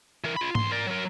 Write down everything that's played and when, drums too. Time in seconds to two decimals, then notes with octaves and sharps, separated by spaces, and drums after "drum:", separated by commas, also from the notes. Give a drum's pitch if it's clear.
0.24 E3 A#4
0.37 F4 B5
0.55 D2 C6, drum: tom G#2
0.72 A#4 D5
0.87 F#3 A#4